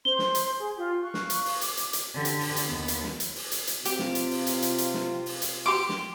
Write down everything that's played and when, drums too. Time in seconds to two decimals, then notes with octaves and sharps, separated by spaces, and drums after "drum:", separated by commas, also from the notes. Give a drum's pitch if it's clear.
0.05 C5 C6 G7
0.19 drum: snare
0.35 drum: hi-hat
0.58 G#4
0.76 F4 G4
1.02 F5 C#6 F#6
1.14 drum: snare
1.30 drum: hi-hat
1.46 drum: open hi-hat
1.61 D6, drum: hi-hat
1.77 drum: hi-hat
1.93 drum: hi-hat
2.14 D3 G4
2.25 drum: hi-hat
2.41 drum: open hi-hat
2.56 drum: hi-hat
2.66 D#2 B3
2.88 drum: hi-hat
3.04 drum: snare
3.20 drum: hi-hat
3.36 drum: open hi-hat
3.52 drum: hi-hat
3.67 drum: hi-hat
3.85 C3 F4 G4, drum: hi-hat
3.99 drum: snare
4.15 drum: hi-hat
4.31 drum: open hi-hat
4.47 drum: hi-hat
4.62 drum: hi-hat
4.78 drum: hi-hat
4.94 drum: snare
5.26 drum: open hi-hat
5.42 drum: hi-hat
5.66 G4 C6 D6
5.89 drum: snare